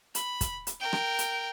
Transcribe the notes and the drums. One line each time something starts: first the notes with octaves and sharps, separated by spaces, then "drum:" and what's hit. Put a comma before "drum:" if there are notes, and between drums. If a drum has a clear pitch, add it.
B5, drum: hi-hat
drum: kick, hi-hat
drum: hi-hat
A#4 G5
drum: rim click
drum: hi-hat